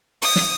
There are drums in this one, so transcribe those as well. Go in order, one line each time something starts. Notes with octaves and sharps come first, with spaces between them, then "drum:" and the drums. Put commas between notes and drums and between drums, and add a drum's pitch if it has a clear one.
D#6, drum: open hi-hat
drum: snare